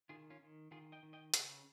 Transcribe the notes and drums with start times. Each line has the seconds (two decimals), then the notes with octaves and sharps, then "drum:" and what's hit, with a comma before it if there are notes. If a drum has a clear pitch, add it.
0.09 D#3 F4 G#4
0.30 C#4 F4
0.41 D#3
0.71 D#3 F4 G#4
0.92 D#5 G5
1.03 D#3
1.13 D#5 G5
1.34 C#3 D#5 G5, drum: hi-hat